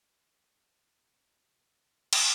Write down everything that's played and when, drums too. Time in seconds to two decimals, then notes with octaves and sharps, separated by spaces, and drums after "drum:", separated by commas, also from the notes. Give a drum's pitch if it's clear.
0.93 C3 B3
2.13 drum: cymbal